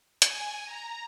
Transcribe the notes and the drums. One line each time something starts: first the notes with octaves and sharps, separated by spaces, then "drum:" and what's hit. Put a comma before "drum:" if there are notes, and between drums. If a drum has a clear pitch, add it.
G#5, drum: hi-hat
A#5